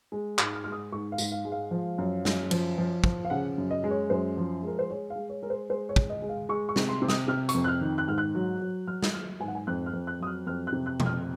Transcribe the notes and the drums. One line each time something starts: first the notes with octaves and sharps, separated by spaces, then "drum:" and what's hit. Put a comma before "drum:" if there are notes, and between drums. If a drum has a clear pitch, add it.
G#3
G#2, drum: clap
F6
G#3 F6
D#6
G#2 C#6
F5
G#2, drum: tambourine
F5
G#3
F5
F3
F#2
F#2, drum: snare
F3, drum: cymbal
F3
F3, drum: kick
F5
C#3 F#5
F#2
D#5
G#3
C#5
F#2 C5
F3
G#3 A#4
C5
G#3 C#5
F5
G#3
C#5
G#3 A#4
C5
G#3 C5
C#5
G#3, drum: kick
D#5
G#3
F5
G#3 C#6
C#6
C3, drum: snare
C6
C3
D#6, drum: snare
C3 F6
C#6, drum: hi-hat
F2
F#6
F6
D#3
F#6
G#2 F6
F#6
F#3
F#3
F#3 F6
drum: snare
F#3 F6
G#2 G#5
F#5
G#5
F2 F#6
F6
F2
F#6
F#3 D#6
F6
F2 F6
F#6
C3
F#6
F2, drum: tom B2
F6